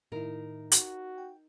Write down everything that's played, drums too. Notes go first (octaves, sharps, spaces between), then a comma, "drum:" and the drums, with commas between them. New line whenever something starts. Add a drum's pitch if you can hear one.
A2 D#3 D#4 E4 A#4
F#4, drum: hi-hat
G5